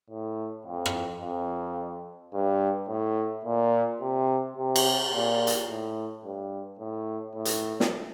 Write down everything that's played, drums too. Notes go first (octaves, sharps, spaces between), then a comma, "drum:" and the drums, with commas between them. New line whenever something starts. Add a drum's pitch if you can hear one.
A2
F2
drum: rim click
F2
G2
A2
A#2
C3
C3
drum: cymbal
A#2
drum: hi-hat
A2
G2
A2
A2
drum: hi-hat
drum: snare